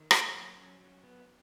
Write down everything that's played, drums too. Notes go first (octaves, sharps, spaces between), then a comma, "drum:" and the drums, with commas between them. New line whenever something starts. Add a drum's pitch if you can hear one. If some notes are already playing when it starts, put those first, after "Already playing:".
Already playing: D#3
A#3 C#5, drum: rim click
F#3
C#4
F#3
B3